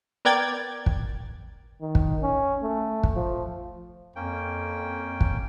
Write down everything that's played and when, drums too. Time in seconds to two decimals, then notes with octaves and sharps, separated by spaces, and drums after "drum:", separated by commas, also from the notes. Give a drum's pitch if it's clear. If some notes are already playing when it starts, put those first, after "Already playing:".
0.25 B3 A#4 D5 G5 G#6 A6
0.86 drum: kick
1.81 D#3
1.95 drum: kick
2.22 C#4
2.62 A3
3.03 drum: kick
3.15 F3
4.16 F2 A#3 C#4 G5
5.21 drum: kick